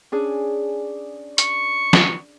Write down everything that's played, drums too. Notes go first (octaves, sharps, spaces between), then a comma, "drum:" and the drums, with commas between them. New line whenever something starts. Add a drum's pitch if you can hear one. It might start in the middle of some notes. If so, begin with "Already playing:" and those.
C#4 D4 G#4
C#6, drum: hi-hat
drum: snare